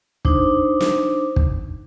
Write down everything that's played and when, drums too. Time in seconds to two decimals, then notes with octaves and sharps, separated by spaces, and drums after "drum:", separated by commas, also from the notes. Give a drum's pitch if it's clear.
0.25 D4 D#4 C5 D6, drum: kick
0.80 drum: snare
1.36 drum: kick